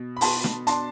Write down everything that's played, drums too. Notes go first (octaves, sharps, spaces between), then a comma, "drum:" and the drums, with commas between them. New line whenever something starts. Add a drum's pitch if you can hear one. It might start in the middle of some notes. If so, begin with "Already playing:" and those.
Already playing: B2
B5
B3 A5 C6, drum: open hi-hat
drum: snare
D4 A5 C6, drum: hi-hat